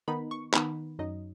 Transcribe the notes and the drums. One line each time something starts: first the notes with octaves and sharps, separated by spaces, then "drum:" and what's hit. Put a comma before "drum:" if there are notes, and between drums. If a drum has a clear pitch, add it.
D#3 B3 D#4 B5
C#6
D#3 B3 D#4 B5, drum: clap
F#2 F#3 D#4 D#5